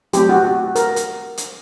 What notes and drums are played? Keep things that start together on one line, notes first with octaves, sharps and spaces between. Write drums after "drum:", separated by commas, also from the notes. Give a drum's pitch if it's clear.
F#3 A3 C4 G4, drum: hi-hat
F#4
F#4
A#4, drum: hi-hat
drum: hi-hat
drum: hi-hat